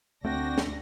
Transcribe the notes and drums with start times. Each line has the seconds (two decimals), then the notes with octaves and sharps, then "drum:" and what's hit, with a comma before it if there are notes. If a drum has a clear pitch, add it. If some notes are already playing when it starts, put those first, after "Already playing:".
0.25 D2 A3 C4 D4 F#4 G5 A#6
0.58 drum: snare